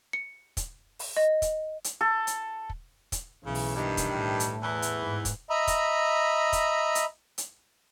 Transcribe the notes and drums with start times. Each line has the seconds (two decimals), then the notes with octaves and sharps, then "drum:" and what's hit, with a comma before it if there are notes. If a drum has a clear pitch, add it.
0.13 C#7
0.57 drum: kick, hi-hat
0.99 drum: open hi-hat
1.17 D#5
1.42 drum: kick, hi-hat
1.84 drum: hi-hat
2.01 A4
2.27 drum: hi-hat
2.70 drum: kick
3.12 drum: kick, hi-hat
3.45 B1 C#3 E3
3.55 drum: open hi-hat
3.76 G2 D#3
3.97 drum: kick, hi-hat
4.11 A2 A3
4.40 drum: hi-hat
4.62 E2 E3
4.82 drum: hi-hat
5.00 G#2
5.25 drum: kick, hi-hat
5.50 D#5 E5 A#5 B5
5.67 drum: kick, hi-hat
6.53 drum: kick, hi-hat
6.95 drum: hi-hat
7.38 drum: hi-hat